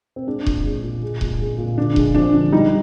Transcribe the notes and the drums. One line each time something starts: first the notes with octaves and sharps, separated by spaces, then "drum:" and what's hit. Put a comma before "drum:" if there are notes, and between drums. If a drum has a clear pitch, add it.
C4
G#3 D4
A#2, drum: kick D#1
G#3
A#2
G#3
A#2, drum: kick D#1
G#3
A#2
D3 D4
G#3, drum: kick D#1
F3 D4
D3
G3 D#4